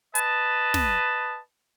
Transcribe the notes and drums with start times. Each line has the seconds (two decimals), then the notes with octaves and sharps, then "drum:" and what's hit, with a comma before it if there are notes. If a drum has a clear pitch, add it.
0.15 B4 D#5 A5, drum: hi-hat
0.74 drum: snare